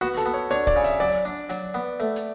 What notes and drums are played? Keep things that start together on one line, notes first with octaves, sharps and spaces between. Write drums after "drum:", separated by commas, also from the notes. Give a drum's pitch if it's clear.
B3 F#4
A4, drum: hi-hat
B3
C#5
D4 C#5, drum: hi-hat
D5, drum: kick C#1
C#3
E5, drum: hi-hat
F#3 D5
D4
F#3, drum: hi-hat
B3
A3
drum: hi-hat